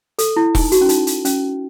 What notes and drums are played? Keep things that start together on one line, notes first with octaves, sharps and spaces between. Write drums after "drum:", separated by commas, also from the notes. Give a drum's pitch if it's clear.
A4, drum: hi-hat
E4
D#4, drum: kick E1, open hi-hat
F#4, drum: hi-hat
C#4
D#4, drum: hi-hat
drum: hi-hat
C#4, drum: hi-hat